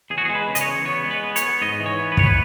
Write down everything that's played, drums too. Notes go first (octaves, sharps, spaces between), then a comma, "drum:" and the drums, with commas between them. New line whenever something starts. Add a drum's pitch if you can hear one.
E2 G#4
F#4
G#3 G#4
B4
C#3
D#5, drum: hi-hat
C#5
E2
B3 C#5
G#3
B4
B3
C#5, drum: hi-hat
B3
G#2 D#5
E3
C#5
B3
B4
G#2 C#5, drum: kick
B4